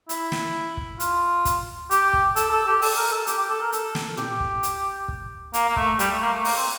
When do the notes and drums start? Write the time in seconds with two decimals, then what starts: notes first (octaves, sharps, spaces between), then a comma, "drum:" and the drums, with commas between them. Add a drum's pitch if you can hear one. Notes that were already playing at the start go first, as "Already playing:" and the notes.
0.09 E4, drum: hi-hat
0.32 drum: snare
0.77 drum: kick
1.00 F4, drum: hi-hat
1.45 drum: kick, hi-hat
1.91 G4, drum: hi-hat
2.13 drum: kick
2.36 A4, drum: hi-hat
2.51 A4
2.66 G4
2.82 A4, drum: open hi-hat
2.97 A#4
3.12 A4
3.27 G4, drum: hi-hat
3.38 G4
3.50 A4
3.61 A#4
3.72 A4, drum: hi-hat
3.95 drum: snare
4.17 G4, drum: tom A2
4.40 drum: kick
4.63 drum: hi-hat
5.08 drum: kick
5.54 A#3, drum: hi-hat
5.68 A#3
5.76 A3, drum: kick
5.99 G3, drum: hi-hat
6.11 A3
6.22 A#3
6.33 A3
6.45 A#3, drum: open hi-hat
6.56 C4